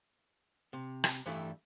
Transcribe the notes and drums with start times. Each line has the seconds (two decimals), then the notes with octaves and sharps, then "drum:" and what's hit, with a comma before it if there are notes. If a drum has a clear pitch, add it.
0.73 C3
1.04 drum: rim click
1.26 G2 E3 G3 A3 E4